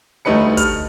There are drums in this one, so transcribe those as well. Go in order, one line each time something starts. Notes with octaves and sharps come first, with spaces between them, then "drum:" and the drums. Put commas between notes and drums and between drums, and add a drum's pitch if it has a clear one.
D2 G3 A3 D#4 B4 C#7
F6, drum: kick, hi-hat